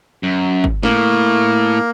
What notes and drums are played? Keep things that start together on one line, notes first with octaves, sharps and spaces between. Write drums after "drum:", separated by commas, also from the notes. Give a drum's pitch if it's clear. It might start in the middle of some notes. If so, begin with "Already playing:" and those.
F#2
drum: kick
A2 A#3, drum: snare